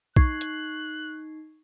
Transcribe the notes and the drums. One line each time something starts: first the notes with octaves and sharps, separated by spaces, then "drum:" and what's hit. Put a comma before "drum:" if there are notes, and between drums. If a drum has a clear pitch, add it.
D#4 C#6 F#6 G#6 C7, drum: kick
drum: hi-hat